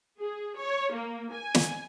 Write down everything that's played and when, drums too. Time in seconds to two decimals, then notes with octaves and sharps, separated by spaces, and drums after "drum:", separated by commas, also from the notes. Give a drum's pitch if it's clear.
0.19 G#4
0.57 C#5
0.92 A#3
1.32 G#5
1.55 drum: snare